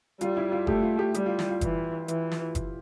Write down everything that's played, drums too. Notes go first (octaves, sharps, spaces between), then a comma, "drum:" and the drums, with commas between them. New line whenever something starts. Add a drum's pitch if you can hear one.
G3 F4, drum: hi-hat
E4
F4
A3 G4, drum: kick F#1
F4
G4
G3 G4, drum: hi-hat
F4
E4, drum: snare
F4
E3, drum: kick F#1, hi-hat
E3, drum: hi-hat
drum: snare
drum: kick F#1, hi-hat